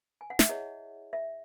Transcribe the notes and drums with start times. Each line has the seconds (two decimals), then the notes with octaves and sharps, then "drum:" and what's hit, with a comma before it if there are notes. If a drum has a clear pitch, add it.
0.21 G#5
0.30 F#5
0.39 E5, drum: snare
0.49 E4 G#4 C#5 D#5
1.13 E5